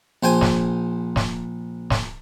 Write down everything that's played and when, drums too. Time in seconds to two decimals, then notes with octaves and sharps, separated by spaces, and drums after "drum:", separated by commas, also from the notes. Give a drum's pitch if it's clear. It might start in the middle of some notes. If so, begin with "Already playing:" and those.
0.23 A#1 C5 G5 G#5
0.41 drum: snare
1.16 drum: snare
1.90 drum: snare